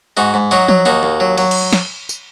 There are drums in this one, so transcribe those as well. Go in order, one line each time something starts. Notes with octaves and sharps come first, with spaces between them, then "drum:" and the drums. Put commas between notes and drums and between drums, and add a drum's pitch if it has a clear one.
G#2 D#4 F#4
G#2
F#3 D#4 F#4
F#3, drum: tom F3
D#2 D#4 F#4
D#2
F#3
F#3, drum: cymbal
drum: cymbal
drum: snare
drum: tambourine